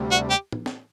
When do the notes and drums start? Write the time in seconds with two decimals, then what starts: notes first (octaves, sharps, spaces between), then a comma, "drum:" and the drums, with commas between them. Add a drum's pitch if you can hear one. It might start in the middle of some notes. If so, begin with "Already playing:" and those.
Already playing: D2 C3 G3
0.11 F#4
0.30 G4
0.52 drum: tom
0.66 drum: snare